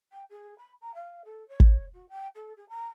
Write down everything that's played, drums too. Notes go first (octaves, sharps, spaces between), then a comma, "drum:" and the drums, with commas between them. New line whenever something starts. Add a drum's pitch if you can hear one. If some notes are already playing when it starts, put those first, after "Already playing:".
G5
G#4
B5
A#5
F5
A4
C#5
drum: kick
F#4
G5
A4
G#4
A#5